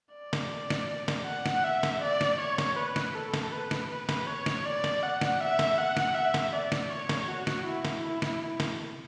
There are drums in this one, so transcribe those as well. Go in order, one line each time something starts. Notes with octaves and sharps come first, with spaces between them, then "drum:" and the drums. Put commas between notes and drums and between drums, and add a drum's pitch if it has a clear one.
D5
drum: snare
drum: snare
drum: snare
F#5
drum: snare
E5
drum: snare
D5
drum: snare
C#5
drum: snare
B4
drum: snare
A4
drum: snare
B4
drum: snare
B4
drum: snare
C#5
drum: snare
D5
drum: snare
F#5
drum: snare
E5
drum: snare
F#5
drum: snare
E5
drum: snare
D5
drum: snare
C#5
drum: snare
F#4
drum: snare
E4
drum: snare
E4
drum: snare
drum: snare